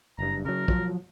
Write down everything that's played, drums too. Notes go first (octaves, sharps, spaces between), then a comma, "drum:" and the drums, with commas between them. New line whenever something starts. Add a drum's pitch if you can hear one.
F#1 G2 A#5
C#3 F#3 A#4
F3 F#3, drum: kick